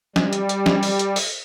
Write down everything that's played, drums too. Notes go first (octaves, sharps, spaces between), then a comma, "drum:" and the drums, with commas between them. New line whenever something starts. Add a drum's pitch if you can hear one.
G3, drum: snare
drum: hi-hat
drum: hi-hat
drum: snare
drum: open hi-hat
drum: hi-hat
drum: open hi-hat